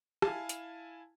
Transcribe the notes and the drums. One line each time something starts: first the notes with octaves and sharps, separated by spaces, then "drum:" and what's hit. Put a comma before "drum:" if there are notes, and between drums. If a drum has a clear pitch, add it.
E4 F5 G#5 A5, drum: rim click
drum: hi-hat